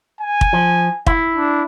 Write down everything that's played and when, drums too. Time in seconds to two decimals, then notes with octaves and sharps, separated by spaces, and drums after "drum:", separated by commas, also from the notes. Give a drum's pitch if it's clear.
0.21 G#5
0.41 drum: kick
0.53 F3
1.06 E4, drum: kick
1.35 D4